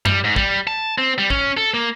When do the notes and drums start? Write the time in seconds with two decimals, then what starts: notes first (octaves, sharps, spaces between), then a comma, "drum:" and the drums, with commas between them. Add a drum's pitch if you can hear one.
0.06 G3, drum: tom F#2
0.24 G#2
0.36 G3, drum: kick
0.67 A5
0.98 C4
1.18 G3
1.30 C#4, drum: kick
1.57 A4
1.74 A#3